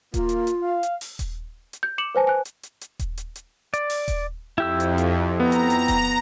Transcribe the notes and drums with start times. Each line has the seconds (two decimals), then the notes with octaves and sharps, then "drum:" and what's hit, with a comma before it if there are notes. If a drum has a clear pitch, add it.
0.14 A#3 F4, drum: kick D#1, hi-hat
0.29 drum: hi-hat
0.47 drum: hi-hat
0.62 F5
0.83 drum: hi-hat
1.01 drum: open hi-hat
1.19 drum: kick D#1, hi-hat
1.73 drum: hi-hat
1.83 G6
1.98 D6 C#7 E7 F#7
2.15 B4 C5 G#5 A5
2.27 G#5 F#6
2.45 drum: hi-hat
2.63 drum: hi-hat
2.81 drum: hi-hat
2.99 drum: kick D#1, hi-hat
3.17 drum: hi-hat
3.36 drum: hi-hat
3.74 D5, drum: hi-hat
3.90 drum: open hi-hat
4.08 drum: kick D#1, hi-hat
4.58 F2 E4 G4 E6
4.80 drum: hi-hat
4.98 drum: hi-hat
5.40 B3 A#5
5.52 drum: hi-hat
5.70 drum: hi-hat
5.88 drum: kick D#1, hi-hat